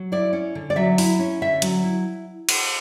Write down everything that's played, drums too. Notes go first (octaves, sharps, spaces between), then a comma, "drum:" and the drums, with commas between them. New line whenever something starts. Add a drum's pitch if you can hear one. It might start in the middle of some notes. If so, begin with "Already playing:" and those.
Already playing: F#3
E4 D5
C#4
D3
D5
F#3 E5
E4, drum: open hi-hat
C#4
D3 E5
F#3, drum: hi-hat
E4
drum: cymbal